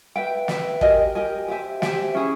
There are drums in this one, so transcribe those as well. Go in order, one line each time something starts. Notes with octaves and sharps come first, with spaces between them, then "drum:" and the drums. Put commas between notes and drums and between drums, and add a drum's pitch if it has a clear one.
B4 E5 G5
B4 E5 G5, drum: snare
G4 A#4 D#5 G#5, drum: kick
G4 A#4 D#5 G#5
G4 C5 E5 G#5
G4 C5 E5 G#5, drum: snare
C#4 E4 G#4